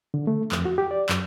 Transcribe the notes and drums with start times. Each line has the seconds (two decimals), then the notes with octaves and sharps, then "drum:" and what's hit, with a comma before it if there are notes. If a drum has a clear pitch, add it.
0.14 D3
0.27 A3
0.52 F2, drum: clap
0.65 F#4
0.78 G4
0.91 D5
1.09 F#2, drum: clap